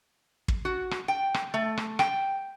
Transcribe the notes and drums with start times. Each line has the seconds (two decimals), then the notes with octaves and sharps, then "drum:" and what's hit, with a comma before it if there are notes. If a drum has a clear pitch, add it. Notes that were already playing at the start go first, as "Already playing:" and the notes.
0.48 drum: kick
0.65 F#4
0.91 drum: rim click
1.08 G5
1.34 drum: rim click
1.54 A3
1.77 drum: rim click
1.99 G5, drum: rim click